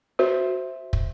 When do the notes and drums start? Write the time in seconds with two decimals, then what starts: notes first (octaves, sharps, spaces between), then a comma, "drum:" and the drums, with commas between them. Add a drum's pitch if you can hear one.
0.19 F#4 C5 E5
0.93 drum: kick